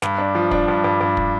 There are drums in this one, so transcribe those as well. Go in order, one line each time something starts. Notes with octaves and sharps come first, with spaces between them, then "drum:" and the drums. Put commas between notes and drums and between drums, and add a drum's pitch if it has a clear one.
G2, drum: snare
D4
F3
D4, drum: kick
G2
G2
G2
drum: kick